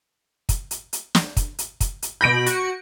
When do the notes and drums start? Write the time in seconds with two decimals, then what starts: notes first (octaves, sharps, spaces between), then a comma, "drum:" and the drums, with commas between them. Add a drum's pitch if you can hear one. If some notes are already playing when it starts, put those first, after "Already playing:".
0.49 drum: kick, hi-hat
0.71 drum: hi-hat
0.93 drum: hi-hat
1.15 drum: snare
1.37 drum: kick, hi-hat
1.59 drum: hi-hat
1.81 drum: kick, hi-hat
2.02 drum: hi-hat
2.21 B2 B5 G6 A#6 D7
2.46 F#4 C#7, drum: hi-hat